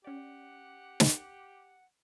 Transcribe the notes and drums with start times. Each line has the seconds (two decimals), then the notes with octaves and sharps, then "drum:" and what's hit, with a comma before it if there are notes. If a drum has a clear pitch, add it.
0.04 C#4 G4 D5 F#5
1.00 drum: snare